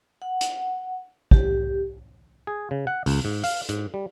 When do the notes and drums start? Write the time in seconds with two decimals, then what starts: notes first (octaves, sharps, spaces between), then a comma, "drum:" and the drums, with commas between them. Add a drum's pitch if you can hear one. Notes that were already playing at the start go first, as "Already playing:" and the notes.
0.22 F#5
0.41 drum: hi-hat
1.31 G4, drum: kick
2.47 G#4
2.71 C#3
2.87 F#5
3.06 C#2, drum: open hi-hat
3.25 G#2
3.44 F5, drum: open hi-hat
3.69 G#2, drum: hi-hat
3.94 G3